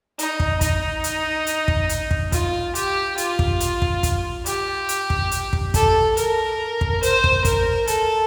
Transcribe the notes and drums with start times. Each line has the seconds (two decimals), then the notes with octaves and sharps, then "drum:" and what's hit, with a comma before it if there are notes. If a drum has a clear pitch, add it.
0.19 D#4, drum: hi-hat
0.40 drum: kick
0.61 D#4, drum: kick, hi-hat
1.04 drum: hi-hat
1.47 drum: hi-hat
1.68 drum: kick
1.89 drum: hi-hat
2.11 drum: kick
2.32 F4, drum: kick, hi-hat
2.75 G4, drum: hi-hat
3.18 F4, drum: hi-hat
3.39 drum: kick
3.60 drum: hi-hat
3.82 drum: kick
4.03 drum: kick, hi-hat
4.46 G4, drum: hi-hat
4.89 drum: hi-hat
5.10 drum: kick
5.31 drum: hi-hat
5.53 drum: kick
5.74 A4, drum: kick, hi-hat
6.17 A#4, drum: hi-hat
6.81 drum: kick
7.03 C5, drum: hi-hat
7.24 drum: kick
7.45 A#4, drum: kick, hi-hat
7.87 A4, drum: hi-hat